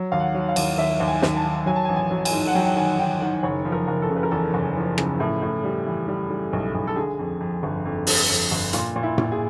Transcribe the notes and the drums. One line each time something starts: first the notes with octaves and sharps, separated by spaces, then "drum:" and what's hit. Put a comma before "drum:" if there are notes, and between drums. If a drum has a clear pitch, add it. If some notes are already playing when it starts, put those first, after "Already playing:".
Already playing: F#3
D#2 F5
F#5
F#3
F5
D#2, drum: cymbal
D#2 E5
D#2
G#5
D#2, drum: snare
A5
D#3
F#3 G#5
A5
G#5
A1
G#5
F#3
G#5, drum: cymbal
G#2
F#5
F#3 G5
G5
D#3 G#5
D#3 G5
D#3 F#5
F#1 C#5
F3
A#4
F#1
A4
C#3
B4
A#4
E2 A4
F#1
F3
C#3, drum: rim click
A2
A2
G3
E3
G3
G3
B1
B1
A4
D3 G#4
F2
F2
G1
F2
D3, drum: open hi-hat
F2
G1
A#2 F4, drum: hi-hat
A#2
E4
A#2, drum: tom A2
G#4